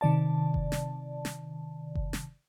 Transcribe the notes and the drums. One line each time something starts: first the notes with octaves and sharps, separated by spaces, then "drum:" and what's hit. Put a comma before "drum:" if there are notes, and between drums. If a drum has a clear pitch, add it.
C3 D#3 D5 A5
drum: kick F#1
drum: snare
drum: snare
drum: kick F#1
drum: snare